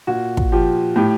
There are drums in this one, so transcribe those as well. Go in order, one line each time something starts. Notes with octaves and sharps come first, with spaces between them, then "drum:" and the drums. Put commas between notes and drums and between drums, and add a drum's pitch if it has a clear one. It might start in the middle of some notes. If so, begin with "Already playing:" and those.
A#2 F#4
drum: kick
F3 G4
A2 G4